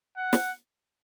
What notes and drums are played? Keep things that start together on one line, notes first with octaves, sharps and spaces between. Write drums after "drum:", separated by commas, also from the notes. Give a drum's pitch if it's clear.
F#5
drum: snare